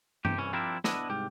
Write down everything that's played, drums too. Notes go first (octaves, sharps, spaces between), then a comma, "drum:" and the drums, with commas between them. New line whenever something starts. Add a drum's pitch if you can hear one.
E2 C3 G4, drum: tom G2
C2 E3 C#4
F3 G3 C4 D4 E4 A#4
B3 D4 E4 B4 D#5, drum: snare
C2 G#2 G4